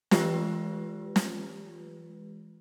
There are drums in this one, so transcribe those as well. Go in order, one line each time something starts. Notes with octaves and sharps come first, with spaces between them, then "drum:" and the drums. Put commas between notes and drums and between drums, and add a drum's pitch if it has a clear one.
E3 G#3 F4 G4 B4, drum: snare
drum: snare